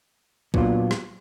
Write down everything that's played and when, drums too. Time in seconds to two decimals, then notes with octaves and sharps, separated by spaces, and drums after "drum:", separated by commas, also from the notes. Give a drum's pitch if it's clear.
0.54 A#2 F#3 B3 D4 F4, drum: kick
0.91 drum: rim click